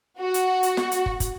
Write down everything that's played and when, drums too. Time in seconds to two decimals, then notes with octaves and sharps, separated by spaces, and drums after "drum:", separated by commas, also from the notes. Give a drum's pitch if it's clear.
0.20 F#4
0.34 drum: hi-hat
0.63 drum: hi-hat
0.77 drum: snare
0.91 drum: hi-hat
1.06 drum: kick
1.20 drum: kick, hi-hat